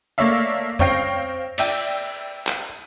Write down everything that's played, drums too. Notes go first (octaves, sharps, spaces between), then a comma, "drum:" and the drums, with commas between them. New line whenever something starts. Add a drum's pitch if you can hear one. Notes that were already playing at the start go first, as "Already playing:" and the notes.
A3 A#3 C#5 D5 E5 F5
C4 C#5 F5 G5 A#6 C7, drum: tom F2
D5 E5 G5, drum: cymbal
drum: clap